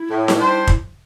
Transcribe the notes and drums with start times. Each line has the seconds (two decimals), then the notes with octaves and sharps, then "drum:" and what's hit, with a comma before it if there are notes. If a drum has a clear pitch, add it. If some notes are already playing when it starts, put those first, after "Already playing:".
Already playing: E4
0.09 A2
0.28 drum: snare D#4
0.38 G3 D4 C5
0.67 drum: kick